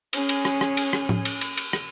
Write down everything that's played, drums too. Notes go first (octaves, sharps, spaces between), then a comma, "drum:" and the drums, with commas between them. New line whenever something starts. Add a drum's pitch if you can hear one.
C#4 G#4, drum: cymbal
drum: cymbal
drum: rim click
drum: rim click
drum: cymbal
drum: rim click
drum: tom A2
drum: cymbal
drum: cymbal
drum: cymbal
drum: rim click